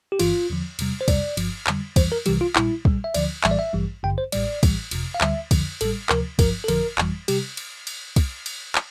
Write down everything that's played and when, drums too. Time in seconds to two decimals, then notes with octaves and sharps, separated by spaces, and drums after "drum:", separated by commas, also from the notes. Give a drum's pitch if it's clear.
0.12 G4
0.19 G1 G2 E3 F4, drum: cymbal
0.50 E2 D3 F3
0.79 E2 C3 G3, drum: cymbal
1.01 C5
1.08 F2 C3 G3 D5, drum: kick, cymbal
1.37 G1 G2 F3, drum: cymbal
1.67 F2 D3 G3, drum: clap
1.96 F2 E3 G3 C5, drum: kick, cymbal
2.12 A#4
2.26 C2 C3 E3 G3 G4, drum: cymbal
2.41 F4
2.56 A#1 A#2 G3 E4, drum: clap
2.85 A#1 A#2 G3, drum: kick
3.04 E5
3.14 D2 D3 F3 D5, drum: cymbal
3.44 A#1 A2 E3 G3 E5, drum: clap
3.51 D5
3.59 E5
3.73 A1 G2 E3 G3
4.03 A1 G2 D3 G5
4.18 C5
4.32 A1 A2 G3 D5, drum: cymbal
4.63 A1 A2 E3 G3, drum: kick, cymbal
4.91 G1 F2 C3, drum: cymbal
5.14 F5
5.21 D2 D3 G3 E5, drum: clap
5.51 F2 D3 F3, drum: kick, cymbal
5.81 A1 A2 G3 A4, drum: cymbal
6.09 D2 C3 F3 A#4, drum: clap
6.39 G1 G2 F3 A#4, drum: kick, cymbal
6.64 A4
6.68 G1 F2 D3 F3 A#4, drum: cymbal
6.98 G1 F2 E3 G3, drum: clap
7.28 C3 G3 G4, drum: cymbal
7.57 drum: cymbal
7.87 drum: cymbal
8.16 drum: kick, cymbal
8.46 drum: cymbal
8.75 drum: clap